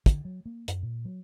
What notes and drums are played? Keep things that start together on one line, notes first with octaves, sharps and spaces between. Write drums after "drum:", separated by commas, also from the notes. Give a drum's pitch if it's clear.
D3, drum: kick, hi-hat
F#3
A#3
F#2, drum: hi-hat
A#2
F#3